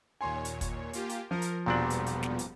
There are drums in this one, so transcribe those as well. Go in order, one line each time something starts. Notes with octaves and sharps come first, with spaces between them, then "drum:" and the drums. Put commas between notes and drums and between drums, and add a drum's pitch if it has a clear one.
D#2 A#2 C#5 G#5 C6
drum: hi-hat
drum: kick, hi-hat
A#3 F4 G4, drum: hi-hat
drum: hi-hat
F3 A#4
drum: hi-hat
E1 A#2 F3 G3 B3 C4 D4 F#7
drum: hi-hat
drum: hi-hat
drum: snare
drum: hi-hat